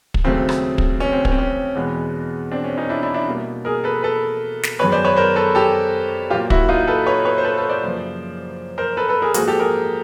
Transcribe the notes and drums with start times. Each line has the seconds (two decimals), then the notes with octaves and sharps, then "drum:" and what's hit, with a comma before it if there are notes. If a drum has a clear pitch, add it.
0.14 drum: kick
0.24 D#2 C#3 F#3 A3 C4
0.49 drum: rim click
0.78 drum: kick
1.00 C#4
1.12 C4
1.25 C#4, drum: kick
1.32 C4
1.38 C#4
1.75 E2 B2 G#3 B3
2.51 C4 D4
2.64 C#4
2.77 C#4 D#4
2.89 D4 E4
3.03 D4 E4
3.14 D4 E4
3.28 B2 G3 A#3
3.65 G#4 A#4
3.84 A4 B4
4.03 A4 B4
4.63 drum: snare
4.79 F#2 D#3 G#3 B3 B4 C#5
4.92 C5 D5
5.05 B4 C#5
5.17 A#4 C5
5.35 A4 B4
5.55 G4 A4
6.30 A#2 F#3 A#3 F4 G4
6.50 E4 F#4, drum: kick
6.69 D#4 F4
6.87 A4 B4
7.06 B4 C#5
7.25 B4 C#5
7.38 C5
7.44 A4 B4
7.57 A4 B4
7.69 C5 D5
7.83 F#2 C#3 F3 A#3
8.78 A#4 C5
8.97 A4 B4
9.09 A4 B4
9.22 G#4 A#4
9.34 G#2 F3 A#3 F#4 G#4, drum: hi-hat
9.48 G4 A4
9.59 G#4 A#4